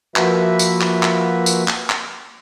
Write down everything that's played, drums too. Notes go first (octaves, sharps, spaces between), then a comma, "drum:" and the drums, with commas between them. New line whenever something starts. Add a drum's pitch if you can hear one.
F3 A#3 F#4 B4 E5, drum: clap
drum: tambourine
drum: clap
drum: clap
drum: tambourine
drum: clap
drum: clap